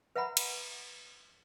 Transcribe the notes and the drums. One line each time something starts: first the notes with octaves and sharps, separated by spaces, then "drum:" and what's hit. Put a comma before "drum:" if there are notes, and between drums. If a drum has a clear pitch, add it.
B4 E5 F#5 A#5 B5
drum: cymbal